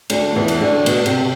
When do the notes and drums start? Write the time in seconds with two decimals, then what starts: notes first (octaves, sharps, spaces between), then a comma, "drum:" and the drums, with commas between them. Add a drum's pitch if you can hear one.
0.10 D2 D3, drum: cymbal
0.35 E2 E3
0.48 drum: cymbal
0.61 D2 D3
0.86 B2, drum: cymbal
1.06 C3, drum: cymbal